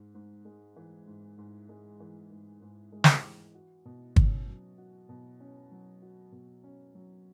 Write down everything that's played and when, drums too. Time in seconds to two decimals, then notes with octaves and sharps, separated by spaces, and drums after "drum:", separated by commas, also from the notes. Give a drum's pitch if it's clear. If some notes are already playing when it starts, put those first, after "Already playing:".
Already playing: G#2
0.15 G#2
0.45 G#3
0.76 E3
1.07 G#2
1.38 G#2
1.69 G#3
2.00 E3
2.31 G#2
2.62 G#2
2.92 G#3
3.04 drum: snare
3.23 E3
3.55 F#4
3.86 B2
4.16 C#4, drum: kick
4.47 F#3
4.78 F#4
5.09 B2
5.40 C#4
5.71 F#3
6.02 F#4
6.32 B2
6.64 C#4
6.95 F#3